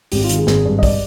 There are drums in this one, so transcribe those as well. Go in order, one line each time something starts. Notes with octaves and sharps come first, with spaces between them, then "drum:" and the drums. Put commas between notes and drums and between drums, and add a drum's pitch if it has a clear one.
G#1 G4, drum: open hi-hat
F4
D#3, drum: hi-hat
G#4
G#1 G#4, drum: snare
G2
D#5
D5, drum: kick, open hi-hat